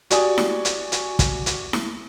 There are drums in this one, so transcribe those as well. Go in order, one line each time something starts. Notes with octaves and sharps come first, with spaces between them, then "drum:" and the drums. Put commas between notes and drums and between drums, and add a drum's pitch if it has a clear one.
F#4 G4 D5 G#5 D#6, drum: hi-hat
drum: snare E4
drum: hi-hat
drum: hi-hat
drum: kick, hi-hat
drum: hi-hat
drum: snare E4